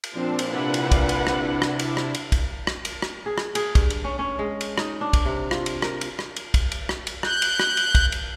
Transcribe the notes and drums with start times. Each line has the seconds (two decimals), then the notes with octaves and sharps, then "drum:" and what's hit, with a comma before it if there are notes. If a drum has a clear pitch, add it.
0.04 drum: cymbal
0.16 A#2 F3 C4 D4
0.39 drum: cymbal
0.51 C3 D4 E4 B4 F#5
0.74 drum: cymbal
0.91 drum: kick, cymbal
1.09 drum: cymbal
1.27 drum: rim click
1.62 drum: rim click
1.79 drum: cymbal
1.97 drum: rim click
2.15 drum: cymbal
2.32 drum: kick, cymbal
2.67 drum: rim click
2.85 drum: cymbal
3.02 drum: rim click
3.26 G#4
3.38 drum: rim click
3.55 G#4, drum: cymbal
3.75 G2, drum: kick, cymbal
3.90 drum: cymbal
4.04 C#4
4.19 C#4
4.39 G#3
4.61 drum: cymbal
4.78 D#4, drum: rim click
5.01 D4
5.13 drum: kick, cymbal
5.25 C3
5.51 F4, drum: rim click
5.66 drum: cymbal
5.82 A#4, drum: rim click
6.01 drum: cymbal
6.19 drum: rim click
6.36 drum: cymbal
6.54 drum: kick, cymbal
6.72 drum: cymbal
6.89 drum: rim click
7.07 drum: cymbal
7.23 F#6 G6, drum: rim click
7.42 drum: cymbal
7.59 drum: rim click
7.77 drum: cymbal
7.95 drum: kick, cymbal
8.12 drum: cymbal